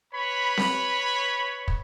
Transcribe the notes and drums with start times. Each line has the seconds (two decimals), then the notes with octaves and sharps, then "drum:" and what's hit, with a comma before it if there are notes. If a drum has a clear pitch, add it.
0.13 B4 C#5 B5
0.57 drum: snare C4
1.68 drum: kick